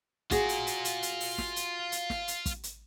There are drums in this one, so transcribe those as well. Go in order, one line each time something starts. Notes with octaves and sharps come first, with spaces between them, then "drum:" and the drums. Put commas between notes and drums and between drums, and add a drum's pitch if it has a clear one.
F4 F#4 G#4 A#5, drum: kick, hi-hat
drum: hi-hat
drum: hi-hat
drum: hi-hat
drum: hi-hat
drum: open hi-hat
drum: snare
drum: hi-hat
drum: hi-hat
drum: snare
drum: hi-hat
drum: kick, hi-hat
drum: hi-hat